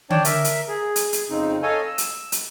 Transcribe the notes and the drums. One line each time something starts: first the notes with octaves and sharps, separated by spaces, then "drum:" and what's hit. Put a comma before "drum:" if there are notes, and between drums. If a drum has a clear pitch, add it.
D4 C#5 D5 G5 A5, drum: tom D3
A#4 E5, drum: hi-hat
drum: hi-hat
G#4
drum: hi-hat
drum: hi-hat
F2 C#3 C4 D#4
A4 C#5 D#5 F5 G#5
E6
drum: hi-hat
drum: hi-hat